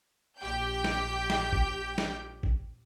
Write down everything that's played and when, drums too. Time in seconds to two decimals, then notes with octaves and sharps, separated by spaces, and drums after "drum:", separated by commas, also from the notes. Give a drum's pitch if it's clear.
0.39 A#1 G4 G5 G6
0.84 drum: snare
1.30 drum: snare
1.52 drum: kick A1
1.98 drum: snare
2.43 drum: kick A1